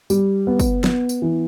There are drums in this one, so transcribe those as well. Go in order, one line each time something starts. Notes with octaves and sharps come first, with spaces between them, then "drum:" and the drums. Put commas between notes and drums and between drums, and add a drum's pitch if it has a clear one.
G3, drum: tambourine
B3
drum: kick, tambourine
B3, drum: snare
drum: tambourine
E3